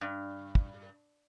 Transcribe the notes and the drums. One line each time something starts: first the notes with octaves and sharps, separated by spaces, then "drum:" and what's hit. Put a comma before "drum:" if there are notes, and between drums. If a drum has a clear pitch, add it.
G2
drum: kick